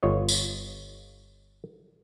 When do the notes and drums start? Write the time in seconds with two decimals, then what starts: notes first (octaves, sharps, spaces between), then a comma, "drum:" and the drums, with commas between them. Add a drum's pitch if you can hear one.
0.03 G1 F4 C#5 D#5
0.28 drum: tambourine